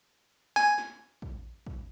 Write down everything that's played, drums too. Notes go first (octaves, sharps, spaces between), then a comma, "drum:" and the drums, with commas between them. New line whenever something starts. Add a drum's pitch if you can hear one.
G#5, drum: snare
drum: snare
drum: kick
drum: kick